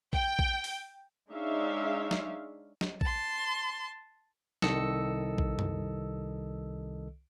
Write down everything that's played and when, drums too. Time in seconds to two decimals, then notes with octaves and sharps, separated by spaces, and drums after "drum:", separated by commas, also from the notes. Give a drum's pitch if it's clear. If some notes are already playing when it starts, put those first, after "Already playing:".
0.13 G5, drum: kick A#1
0.39 drum: kick A#1
0.64 drum: open hi-hat
1.30 G#3 D4 D#4 C#5 E5 F5
2.11 drum: snare
2.81 drum: snare
3.01 A5 C6, drum: kick A#1
4.62 C2 D#3 A4 D#5 E6 C#7, drum: snare
5.38 drum: kick A#1
5.59 drum: tom F#2